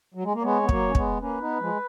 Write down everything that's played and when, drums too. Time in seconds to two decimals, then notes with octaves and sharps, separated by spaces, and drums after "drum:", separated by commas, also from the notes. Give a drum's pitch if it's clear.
0.14 F#3
0.24 G#3
0.33 A#3
0.42 G#3 B3 C#5
0.62 B3
0.69 F#3 A#3, drum: kick
0.88 C#4
0.95 G#3 B3, drum: kick
1.21 A#3 C#4 B4
1.41 B3 D#4
1.60 F3 G#3